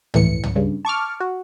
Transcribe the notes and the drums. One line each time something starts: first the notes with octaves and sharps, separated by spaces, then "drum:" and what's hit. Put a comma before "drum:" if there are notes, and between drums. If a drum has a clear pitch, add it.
A#1 A2 E3 C#7, drum: tom
drum: tom
G2 C#3
A5 C#6 D6 F6
F#4